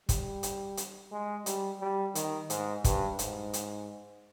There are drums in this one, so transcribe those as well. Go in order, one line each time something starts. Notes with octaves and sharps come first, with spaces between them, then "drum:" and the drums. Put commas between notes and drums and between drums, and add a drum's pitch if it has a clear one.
G3, drum: kick, hi-hat
drum: hi-hat
drum: hi-hat
G#3
G3, drum: hi-hat
G3
D#3, drum: hi-hat
G#2, drum: hi-hat
G2, drum: kick, hi-hat
G#2, drum: hi-hat
drum: hi-hat